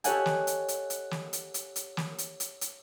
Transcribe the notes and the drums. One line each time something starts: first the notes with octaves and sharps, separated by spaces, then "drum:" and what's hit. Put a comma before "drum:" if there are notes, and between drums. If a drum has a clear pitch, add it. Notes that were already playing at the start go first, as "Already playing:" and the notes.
G4 A4 C#5 D#5 F#5 G#5, drum: hi-hat
drum: snare
drum: hi-hat
drum: hi-hat
drum: hi-hat
drum: snare
drum: hi-hat
drum: hi-hat
drum: hi-hat
drum: snare
drum: hi-hat
drum: hi-hat
drum: hi-hat